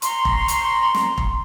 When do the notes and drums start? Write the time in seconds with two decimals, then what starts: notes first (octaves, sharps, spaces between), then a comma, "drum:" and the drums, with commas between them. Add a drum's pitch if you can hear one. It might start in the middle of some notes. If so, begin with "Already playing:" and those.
0.02 A#5 C6 C#6, drum: hi-hat
0.25 drum: kick
0.48 drum: hi-hat
0.94 drum: snare
1.18 drum: kick